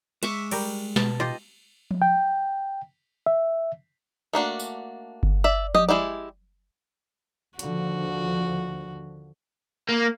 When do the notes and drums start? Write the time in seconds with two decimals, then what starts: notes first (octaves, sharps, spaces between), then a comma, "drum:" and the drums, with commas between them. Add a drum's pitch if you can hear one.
0.23 G#3 E5 C#6 D6, drum: cymbal
0.51 G3 G4 A#4, drum: cymbal
0.96 B2 B3 A5, drum: snare
1.20 F4 G4 D#5
1.91 drum: tom F3
2.02 G5
3.26 E5
4.33 A3 A#3 D4 F#4
4.59 drum: tambourine
5.23 drum: kick G1
5.44 D5 E5
5.75 G4 D#5, drum: tom F3
5.89 G#3 E4 G4 D5
7.59 D#2 D3 F3 F#4, drum: hi-hat
9.89 A#3